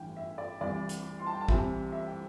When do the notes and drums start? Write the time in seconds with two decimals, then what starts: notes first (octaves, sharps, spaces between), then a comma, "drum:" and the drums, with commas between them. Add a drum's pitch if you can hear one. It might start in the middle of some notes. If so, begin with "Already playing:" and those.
Already playing: A1 G2 E3 G5
0.17 E5
0.38 D5
0.61 C2 C3 E3 D5
0.89 drum: hi-hat
1.19 C6
1.26 A5
1.33 G5
1.41 A5
1.48 C2 C3 E3 E5, drum: kick A1
1.92 E5
2.07 G5